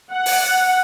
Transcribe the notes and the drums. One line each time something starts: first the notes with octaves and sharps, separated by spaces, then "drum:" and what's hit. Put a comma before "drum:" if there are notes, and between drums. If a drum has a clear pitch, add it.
F#5
drum: open hi-hat